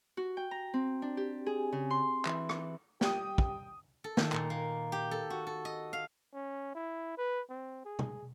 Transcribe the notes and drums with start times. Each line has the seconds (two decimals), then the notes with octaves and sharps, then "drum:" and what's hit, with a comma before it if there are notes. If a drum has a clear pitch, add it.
0.17 F#4
0.37 G5
0.51 A#5
0.74 C4
1.02 D4
1.17 G4
1.46 G#4
1.72 C#3
1.91 C6
2.25 E3, drum: clap
2.49 drum: rim click
3.01 G3 G4 G5 D#6, drum: snare
3.38 drum: kick
4.04 A4
4.17 D#3, drum: snare
4.32 A#2, drum: clap
4.50 A#3
4.92 G4
5.11 A4
5.30 F#4
5.47 A4
5.65 D#5
5.93 F5
6.34 C#4
6.75 E4
7.18 B4
7.50 C4
7.85 G#4
7.99 drum: tom